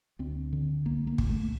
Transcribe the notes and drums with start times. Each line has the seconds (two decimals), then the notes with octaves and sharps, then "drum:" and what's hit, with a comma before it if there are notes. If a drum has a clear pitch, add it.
0.19 D2 C4
0.53 D3
0.85 C2 A#3
1.07 A#3
1.18 C2, drum: kick G#1
1.30 A3